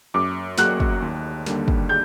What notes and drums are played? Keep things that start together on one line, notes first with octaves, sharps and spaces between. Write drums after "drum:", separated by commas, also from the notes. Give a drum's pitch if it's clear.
F#2 D6
F#3 A#3 F#4 F#6, drum: snare
drum: kick
D#2
D3 G3 A#3, drum: snare
drum: kick
G6